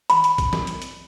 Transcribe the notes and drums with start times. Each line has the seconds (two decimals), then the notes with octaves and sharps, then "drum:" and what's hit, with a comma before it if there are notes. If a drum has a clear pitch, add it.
0.10 B5, drum: hi-hat
0.24 drum: hi-hat
0.38 drum: kick B1, hi-hat
0.53 drum: snare
0.67 drum: hi-hat
0.82 drum: hi-hat